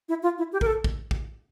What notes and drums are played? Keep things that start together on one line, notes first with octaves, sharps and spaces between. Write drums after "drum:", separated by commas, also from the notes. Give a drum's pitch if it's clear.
E4
F4
E4
G4
A#4, drum: kick
A4
drum: kick
drum: kick